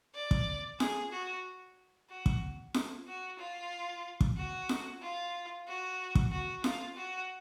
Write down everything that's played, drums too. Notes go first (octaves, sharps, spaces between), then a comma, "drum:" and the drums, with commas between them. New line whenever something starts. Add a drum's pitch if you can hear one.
D5
drum: kick
G#4, drum: snare F4
F#4
F#4
drum: kick
drum: snare F4
F#4
F4
drum: kick
F#4
drum: snare F4
F4
F#4
drum: kick
F#4
F4, drum: snare F4
F#4